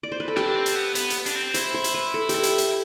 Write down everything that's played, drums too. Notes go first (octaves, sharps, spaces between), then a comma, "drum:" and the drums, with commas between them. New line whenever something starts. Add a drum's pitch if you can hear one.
D5
C5
B4
A4
D4 G4, drum: rim click
D4
C4
drum: hi-hat
B3
B3, drum: hi-hat
drum: hi-hat
D4, drum: hi-hat
C4
E4 C5, drum: hi-hat
C5
drum: hi-hat
B4
A4
G4 A4, drum: hi-hat
drum: hi-hat
drum: hi-hat